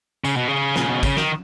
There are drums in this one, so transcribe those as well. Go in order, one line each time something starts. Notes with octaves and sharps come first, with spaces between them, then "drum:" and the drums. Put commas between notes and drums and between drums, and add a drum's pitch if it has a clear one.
C#3, drum: tambourine
B2
C#3
A#2, drum: snare
B2
C#3, drum: kick, tambourine
D#3, drum: snare